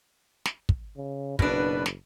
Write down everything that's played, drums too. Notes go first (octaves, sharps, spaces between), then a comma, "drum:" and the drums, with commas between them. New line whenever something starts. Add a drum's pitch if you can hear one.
drum: snare
drum: kick
C#3
F#1 B2 D4 B4, drum: kick
drum: snare